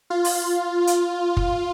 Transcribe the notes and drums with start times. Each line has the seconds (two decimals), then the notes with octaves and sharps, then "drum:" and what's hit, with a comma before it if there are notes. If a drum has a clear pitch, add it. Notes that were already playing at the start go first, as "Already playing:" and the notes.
0.10 F4
0.25 drum: open hi-hat
0.87 drum: hi-hat
1.37 drum: kick